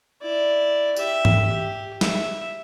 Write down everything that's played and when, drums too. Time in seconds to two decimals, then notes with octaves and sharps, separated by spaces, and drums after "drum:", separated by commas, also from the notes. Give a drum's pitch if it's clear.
0.22 E4 D5
0.96 G4 E5, drum: tambourine
1.25 drum: tom G#2
1.53 G4
2.01 E5, drum: snare